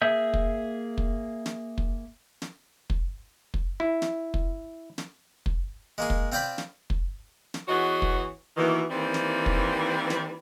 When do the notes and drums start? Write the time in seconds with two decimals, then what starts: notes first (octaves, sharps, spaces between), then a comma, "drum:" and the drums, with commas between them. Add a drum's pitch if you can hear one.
0.02 A#3 G#4 E5 G6
0.34 drum: kick
0.98 drum: kick
1.46 drum: snare
1.78 drum: kick
2.42 drum: snare
2.90 drum: kick
3.54 drum: kick
3.80 E4
4.02 drum: snare
4.34 drum: kick
4.98 drum: snare
5.46 drum: kick
5.98 G#3 A#3 G#4
6.10 drum: kick
6.32 C4 F4 C5 D5 G5 B5
6.58 drum: snare
6.90 drum: kick
7.54 drum: snare
7.68 E3 B3 F#4 G#4 C#5 D#5
8.02 drum: kick
8.57 D#2 B2 D#3 E3
8.90 D#3 E3 G3 A#3 C4
9.14 drum: snare
9.46 drum: kick
10.10 drum: snare